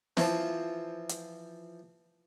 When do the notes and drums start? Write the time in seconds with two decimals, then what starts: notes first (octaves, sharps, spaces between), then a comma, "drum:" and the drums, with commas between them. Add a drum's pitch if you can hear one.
0.17 E3 F3, drum: snare
1.09 drum: hi-hat